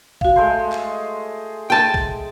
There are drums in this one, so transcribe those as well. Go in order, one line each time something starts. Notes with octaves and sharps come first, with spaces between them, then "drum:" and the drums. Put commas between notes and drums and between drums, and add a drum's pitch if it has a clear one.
F#4 F5, drum: kick
G#3 A3 C5
drum: clap
G5 A5
drum: kick